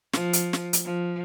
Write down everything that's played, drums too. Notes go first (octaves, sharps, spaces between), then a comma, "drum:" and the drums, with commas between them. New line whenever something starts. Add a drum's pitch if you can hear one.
F3, drum: snare
drum: hi-hat
drum: snare
drum: hi-hat
F3